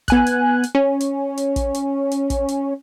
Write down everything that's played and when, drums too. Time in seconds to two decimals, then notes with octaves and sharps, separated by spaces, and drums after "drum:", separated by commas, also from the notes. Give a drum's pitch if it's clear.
0.08 B3 G#5 F#6, drum: kick, hi-hat
0.26 drum: hi-hat
0.63 drum: hi-hat
0.75 C#4
1.00 drum: hi-hat
1.37 drum: hi-hat
1.56 drum: kick, hi-hat
1.74 drum: hi-hat
2.11 drum: hi-hat
2.30 drum: kick, hi-hat
2.48 drum: hi-hat